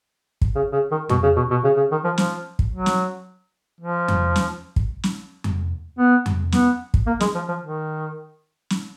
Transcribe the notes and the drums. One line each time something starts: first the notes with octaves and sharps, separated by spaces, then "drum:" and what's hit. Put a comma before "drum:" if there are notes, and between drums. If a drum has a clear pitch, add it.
drum: kick
C#3
C#3
D#3
B2, drum: tom F2
C#3
B2
B2
C#3
C#3
D#3
F3
F3, drum: snare
drum: kick
F#3
drum: snare
F3
drum: tom F2
drum: snare
drum: kick
drum: snare
drum: tom F2
B3
drum: tom F2
B3, drum: snare
drum: kick
A#3
G#3, drum: snare
F3
F3
D#3
drum: snare